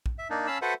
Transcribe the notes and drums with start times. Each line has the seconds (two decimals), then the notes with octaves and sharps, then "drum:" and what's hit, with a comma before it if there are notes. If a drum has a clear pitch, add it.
0.06 drum: kick
0.19 E5
0.30 A#3 D4 D#4
0.47 C#4 F5 A5 B5 E6
0.62 F#4 A4 B4 C5 E5 F#5